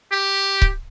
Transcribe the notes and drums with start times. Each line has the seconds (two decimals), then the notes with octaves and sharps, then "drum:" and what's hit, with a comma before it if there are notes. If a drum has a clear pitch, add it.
0.12 G4
0.62 drum: kick C#1